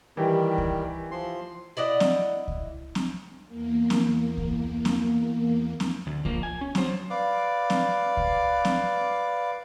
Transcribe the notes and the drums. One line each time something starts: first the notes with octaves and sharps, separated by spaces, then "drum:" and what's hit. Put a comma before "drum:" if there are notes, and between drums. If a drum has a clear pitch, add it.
D#3 E3 G3 G4
drum: kick C#2
F3 C6
E4 D5 D#5 F#5
drum: snare C4
drum: kick C#2
drum: snare C4
E2 A#3
drum: snare C4
drum: kick C#2
drum: snare C4
drum: snare C4
D2
F3 A#3, drum: kick C#2
G#5
C#4
F#3 C5, drum: snare C4
B4 D5 F5 D6
drum: snare C4
drum: kick C#2
drum: snare C4